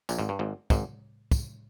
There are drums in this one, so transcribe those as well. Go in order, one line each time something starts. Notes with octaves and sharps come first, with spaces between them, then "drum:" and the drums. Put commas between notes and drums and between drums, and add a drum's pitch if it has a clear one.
A#1 A#2, drum: tambourine
G#1 G#2
G2
G#1 G#2
G#1 G#2, drum: kick, tambourine
drum: kick, tambourine